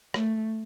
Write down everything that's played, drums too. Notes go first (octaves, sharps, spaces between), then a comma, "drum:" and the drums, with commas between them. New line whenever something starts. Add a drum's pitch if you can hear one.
A3, drum: rim click